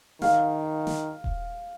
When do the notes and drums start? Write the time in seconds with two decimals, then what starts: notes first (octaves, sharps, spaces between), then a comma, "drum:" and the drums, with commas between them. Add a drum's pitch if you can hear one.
0.22 D#3 F5, drum: snare
0.87 drum: snare
1.24 drum: kick D#1